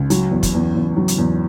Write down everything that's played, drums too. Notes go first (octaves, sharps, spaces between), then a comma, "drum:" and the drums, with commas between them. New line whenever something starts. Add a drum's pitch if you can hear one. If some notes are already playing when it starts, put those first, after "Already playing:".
Already playing: C#2
F#3, drum: hi-hat
E2
drum: kick, hi-hat
E2
E2
F#3
drum: hi-hat
E2